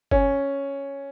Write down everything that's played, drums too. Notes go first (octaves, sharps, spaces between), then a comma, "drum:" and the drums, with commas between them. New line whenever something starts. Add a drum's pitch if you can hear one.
C#4, drum: kick F#1